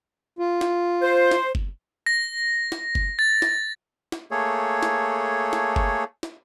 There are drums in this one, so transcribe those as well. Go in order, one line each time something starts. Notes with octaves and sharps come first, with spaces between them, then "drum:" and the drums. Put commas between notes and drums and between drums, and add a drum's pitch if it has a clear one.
F4
drum: snare
C5
drum: snare
drum: kick
A#6
drum: snare
drum: kick
A6
drum: snare
drum: snare
A3 A#3 G#4 A4 C#5
drum: snare
drum: snare
drum: kick
drum: snare